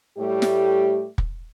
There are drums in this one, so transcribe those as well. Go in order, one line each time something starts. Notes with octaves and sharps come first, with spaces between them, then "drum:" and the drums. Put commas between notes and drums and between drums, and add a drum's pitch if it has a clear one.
A2 G3 A3 G4
drum: snare
drum: kick